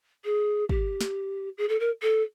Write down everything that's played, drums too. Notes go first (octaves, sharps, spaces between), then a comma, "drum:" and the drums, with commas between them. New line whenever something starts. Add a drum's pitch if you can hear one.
G#4
G4, drum: kick
drum: snare
G#4
A4
A#4
A4